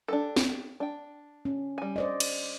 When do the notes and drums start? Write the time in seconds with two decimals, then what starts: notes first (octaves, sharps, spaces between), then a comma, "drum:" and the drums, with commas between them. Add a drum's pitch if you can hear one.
0.08 D4 G4 A4
0.36 drum: snare
0.80 D4 G5
1.45 C#4
1.78 G3 G#5
1.96 C5 D5 D#5
2.20 drum: cymbal